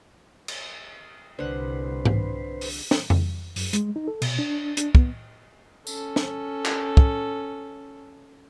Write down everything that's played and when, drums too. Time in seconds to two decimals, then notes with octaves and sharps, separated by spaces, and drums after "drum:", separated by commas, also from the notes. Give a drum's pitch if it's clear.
0.48 drum: cymbal
1.39 C2 D3 B4 C5 F#5
2.05 drum: tom G#2
2.61 drum: open hi-hat
2.91 drum: snare
3.10 drum: tom F2
3.56 F#2, drum: open hi-hat
3.73 G#3, drum: hi-hat
3.96 D#4
4.08 A4
4.22 B2, drum: cymbal
4.39 D4
4.77 D4, drum: hi-hat
4.95 B3, drum: kick
5.87 C#4 A4, drum: tambourine
6.16 drum: snare
6.65 drum: clap
6.97 drum: kick